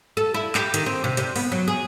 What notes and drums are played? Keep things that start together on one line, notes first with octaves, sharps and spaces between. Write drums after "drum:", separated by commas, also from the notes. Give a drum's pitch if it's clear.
A4
E4
G4, drum: clap
D#3, drum: hi-hat
C4
C3
C3, drum: hi-hat
B3, drum: open hi-hat
F#3
G#4